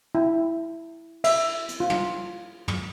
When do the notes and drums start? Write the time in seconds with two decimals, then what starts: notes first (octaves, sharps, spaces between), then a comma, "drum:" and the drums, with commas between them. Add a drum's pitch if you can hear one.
0.15 E4
1.24 E5, drum: cymbal
1.69 drum: hi-hat
1.80 F4
1.90 drum: tom
2.68 drum: tom